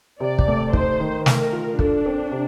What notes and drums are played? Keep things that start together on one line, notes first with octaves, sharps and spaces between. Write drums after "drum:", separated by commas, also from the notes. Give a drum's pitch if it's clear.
C3 D5
drum: kick
A3
D#4 C5, drum: kick
D#3
A3 A#4, drum: snare
F4
D4 A4, drum: kick
C4
C3